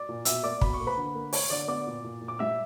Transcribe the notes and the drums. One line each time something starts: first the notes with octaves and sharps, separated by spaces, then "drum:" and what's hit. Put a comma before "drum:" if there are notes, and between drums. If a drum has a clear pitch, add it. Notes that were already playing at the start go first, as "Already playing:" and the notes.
Already playing: D5 D6
A#2
B2 E5 E6, drum: hi-hat
A#3 D5 D6
B2 B5, drum: kick
C#6
A#3
B4 B5
D3
A#3
A#3 C#5 C#6, drum: open hi-hat
D3 D5 D6
B3 D5 D6
A#2
A#2
A#2
D6
G3 E5 E6